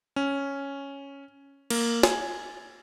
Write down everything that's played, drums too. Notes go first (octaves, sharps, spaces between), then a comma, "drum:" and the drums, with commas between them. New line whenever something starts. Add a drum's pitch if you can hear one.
C#4
A#3, drum: cymbal
G#5, drum: snare